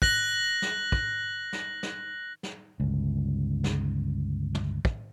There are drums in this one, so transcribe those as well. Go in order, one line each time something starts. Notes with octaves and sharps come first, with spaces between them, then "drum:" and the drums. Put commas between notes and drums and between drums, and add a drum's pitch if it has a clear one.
F#6 A#6 F#7, drum: kick
drum: snare
drum: kick
drum: snare
drum: snare
drum: snare
G1 C#2
drum: snare
drum: tom
drum: kick